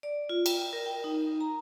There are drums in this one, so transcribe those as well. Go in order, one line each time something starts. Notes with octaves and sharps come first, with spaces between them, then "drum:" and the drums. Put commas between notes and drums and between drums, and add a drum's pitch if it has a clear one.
D5
F4
G5, drum: cymbal
A#4
G5
D#4
A#5